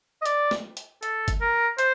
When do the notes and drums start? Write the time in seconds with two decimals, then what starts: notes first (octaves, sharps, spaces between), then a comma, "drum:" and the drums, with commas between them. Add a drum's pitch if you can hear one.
0.22 D#5
0.26 D5, drum: hi-hat
0.51 drum: snare
0.77 drum: hi-hat
1.03 A4, drum: hi-hat
1.28 drum: kick F#1, hi-hat
1.41 A#4
1.78 C5, drum: hi-hat